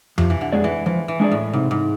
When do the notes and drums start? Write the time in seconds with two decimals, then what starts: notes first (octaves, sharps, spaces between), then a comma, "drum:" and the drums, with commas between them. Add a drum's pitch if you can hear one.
0.18 C3 F3, drum: tom F2
0.30 E3
0.41 D3
0.52 G#3 D4 G#4 D5
0.64 E3
0.86 E3 F3
1.08 E3
1.20 G#3 D4 G#4 D5
1.32 A2
1.53 G#2 C3
1.71 G#2